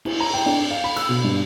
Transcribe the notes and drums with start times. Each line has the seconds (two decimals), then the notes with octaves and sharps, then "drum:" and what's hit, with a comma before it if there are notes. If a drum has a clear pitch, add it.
0.05 E4, drum: cymbal
0.20 A#5
0.34 G5
0.46 D4
0.71 F5
0.84 B5
0.96 E6, drum: cymbal
1.09 B2
1.24 G2